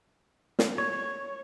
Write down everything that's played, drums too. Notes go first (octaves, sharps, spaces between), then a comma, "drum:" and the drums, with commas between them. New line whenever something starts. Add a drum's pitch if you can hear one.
drum: snare
C#5